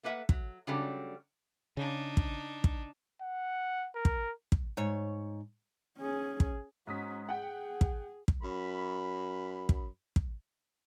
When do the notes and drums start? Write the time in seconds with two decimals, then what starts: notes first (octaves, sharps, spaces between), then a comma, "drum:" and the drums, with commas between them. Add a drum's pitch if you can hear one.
0.03 A3 A#3 B4 E5 F#5
0.29 F#3, drum: kick
0.67 C#3 F#3 G3 A3 C#4 D4
1.77 C#3 D4 D#4
2.17 drum: kick
2.64 drum: kick
3.22 F#5
3.95 A#4
4.05 drum: kick
4.52 drum: kick
4.77 G#2 C#5
5.98 C#4 G#4
6.40 drum: kick
6.87 G#2 C#4 F#4 D#6 B6
7.29 G#4 F#5 G5
7.81 drum: kick
8.28 drum: kick
8.43 F#2 B5
9.69 drum: kick
10.16 drum: kick